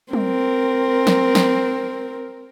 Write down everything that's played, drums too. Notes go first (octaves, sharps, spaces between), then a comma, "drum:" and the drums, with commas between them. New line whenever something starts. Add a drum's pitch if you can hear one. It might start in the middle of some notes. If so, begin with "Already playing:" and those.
C4 A#4, drum: tom
drum: snare
drum: snare